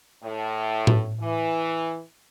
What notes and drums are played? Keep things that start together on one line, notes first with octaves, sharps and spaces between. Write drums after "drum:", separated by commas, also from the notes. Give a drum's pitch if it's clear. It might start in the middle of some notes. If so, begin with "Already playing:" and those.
A2
drum: tom A2
E3